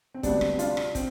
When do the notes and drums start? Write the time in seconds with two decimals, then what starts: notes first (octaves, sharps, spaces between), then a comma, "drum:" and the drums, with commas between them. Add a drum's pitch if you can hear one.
0.14 C4
0.23 D2 C3 G3 B3 D4, drum: kick, hi-hat
0.41 drum: rim click
0.59 D4 F4, drum: hi-hat
0.77 drum: rim click
0.95 C4, drum: kick, hi-hat